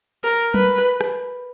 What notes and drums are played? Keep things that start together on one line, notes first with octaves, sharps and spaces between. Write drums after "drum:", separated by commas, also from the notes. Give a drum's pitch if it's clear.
A#4
B4, drum: tom F#3
drum: rim click